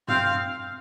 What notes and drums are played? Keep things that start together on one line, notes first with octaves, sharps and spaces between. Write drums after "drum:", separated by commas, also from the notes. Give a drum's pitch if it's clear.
C4 F5, drum: tom G2